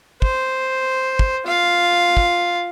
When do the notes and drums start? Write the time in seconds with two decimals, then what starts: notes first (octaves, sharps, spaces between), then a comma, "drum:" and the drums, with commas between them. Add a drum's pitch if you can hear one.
0.22 C5, drum: kick
1.19 drum: kick
1.46 F4 F5
2.17 drum: kick